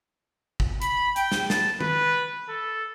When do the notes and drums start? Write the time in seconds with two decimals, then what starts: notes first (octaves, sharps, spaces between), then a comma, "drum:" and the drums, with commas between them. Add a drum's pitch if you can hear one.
0.60 drum: kick G#1
0.82 B5, drum: hi-hat
1.16 G5, drum: hi-hat
1.32 drum: snare
1.50 A5, drum: snare
1.80 B4, drum: tom
2.49 A4